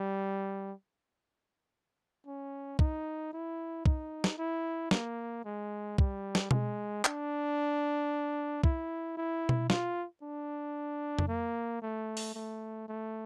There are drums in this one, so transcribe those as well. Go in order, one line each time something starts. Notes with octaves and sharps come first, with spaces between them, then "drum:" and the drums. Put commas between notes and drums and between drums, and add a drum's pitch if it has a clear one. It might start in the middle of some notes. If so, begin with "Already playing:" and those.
Already playing: G3
C#4
D#4, drum: kick
E4
D#4, drum: kick
drum: snare
E4
A#3, drum: snare
G#3
G3, drum: kick
drum: snare
G#3, drum: tom B2
D4, drum: clap
E4, drum: kick
E4
drum: tom B2
F4, drum: snare
D4
drum: tom F2
A#3
A3
drum: open hi-hat
A3
A3